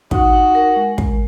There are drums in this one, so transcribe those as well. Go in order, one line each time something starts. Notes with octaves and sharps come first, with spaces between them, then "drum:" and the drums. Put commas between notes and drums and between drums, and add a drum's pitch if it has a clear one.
D#4 F#4, drum: kick
D#4
A#4
G#3
G#3, drum: kick